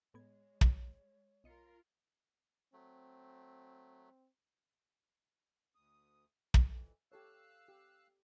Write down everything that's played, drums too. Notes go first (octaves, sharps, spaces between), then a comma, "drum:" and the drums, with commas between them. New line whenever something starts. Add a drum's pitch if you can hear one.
A2 G#3 B3 C#5 G#6
C#2 F#4 D#5, drum: kick
B1 F4 A#4 D#5 C#7
F#3 A3 C4
D2 D#6
F2 E3, drum: kick
G4 A4 C#5 F5 E6 F#6
G4